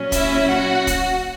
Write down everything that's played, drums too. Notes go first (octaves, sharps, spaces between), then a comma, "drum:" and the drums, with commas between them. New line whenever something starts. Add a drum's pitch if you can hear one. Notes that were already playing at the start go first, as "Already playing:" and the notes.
Already playing: A#2 F#3 C#4
E4 E5, drum: kick, hi-hat
F#4 F#5
drum: kick, hi-hat